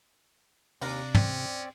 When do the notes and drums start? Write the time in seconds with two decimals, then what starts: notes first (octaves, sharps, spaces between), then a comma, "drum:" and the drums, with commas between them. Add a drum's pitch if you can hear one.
0.81 D#2 C3 D4 F5 A#5, drum: open hi-hat
1.15 C4 C#4 D5, drum: tom